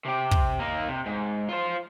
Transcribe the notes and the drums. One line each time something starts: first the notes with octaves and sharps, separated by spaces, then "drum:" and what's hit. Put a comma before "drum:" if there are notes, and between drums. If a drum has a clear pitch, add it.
C3 G4
drum: kick
A#3 D#4
C3
G#2
F4 C5